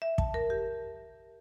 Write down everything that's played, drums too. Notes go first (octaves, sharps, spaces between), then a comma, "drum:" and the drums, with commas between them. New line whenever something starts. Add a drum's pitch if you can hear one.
E5
A5, drum: kick
A#4
G4